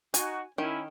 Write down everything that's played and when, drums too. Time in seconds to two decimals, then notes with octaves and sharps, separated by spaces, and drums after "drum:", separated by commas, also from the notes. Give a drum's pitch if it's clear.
0.14 D#4 F#4 G#5, drum: hi-hat
0.58 D#3 C#4 E4